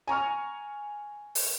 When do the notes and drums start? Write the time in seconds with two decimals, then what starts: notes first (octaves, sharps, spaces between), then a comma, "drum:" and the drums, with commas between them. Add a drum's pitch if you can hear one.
0.07 G#5 A#5 C#6 F6
1.35 drum: open hi-hat